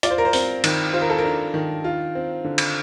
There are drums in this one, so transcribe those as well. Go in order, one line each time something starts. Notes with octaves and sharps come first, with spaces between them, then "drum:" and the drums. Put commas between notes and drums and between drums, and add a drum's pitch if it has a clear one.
F4 D5, drum: hi-hat
C5
A#4
C5
C4, drum: open hi-hat
D#3, drum: cymbal
F4 C5
A#4
A4
A#4
D4
D#3
F4
C4
D3
drum: cymbal